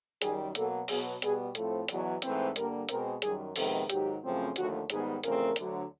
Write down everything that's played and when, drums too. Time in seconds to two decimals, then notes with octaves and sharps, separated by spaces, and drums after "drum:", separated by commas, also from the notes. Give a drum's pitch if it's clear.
0.22 F#2 D#3 G3 G#4, drum: hi-hat
0.55 B2 F#3 A#3 A4, drum: hi-hat
0.88 B2 F#3 B3 G#4, drum: open hi-hat
1.22 B2 G3 B3 G#4, drum: hi-hat
1.55 A2 F3 A3 C4 A4, drum: hi-hat
1.88 E2 B2 F#3, drum: hi-hat
2.22 G#2 E3 A3 C4, drum: hi-hat
2.56 G2 D3 G3 A#3 A#4, drum: hi-hat
2.89 B2 G#3 C4 A#4, drum: hi-hat
3.22 F#2 D#3 G3 G#4, drum: hi-hat
3.56 F2 C3 D#3 G#3 B3 A4, drum: open hi-hat
3.90 G#2 D#3 F#3 G4, drum: hi-hat
4.23 F#2 C#3 F3 A3 C4
4.56 D#2 D3 F3 A3 F#4, drum: hi-hat
4.90 G#2 D#3 G3 B3 G#4, drum: hi-hat
5.24 E2 C#3 F3 A3 C4 A#4, drum: hi-hat
5.56 D2 D3 F#3, drum: hi-hat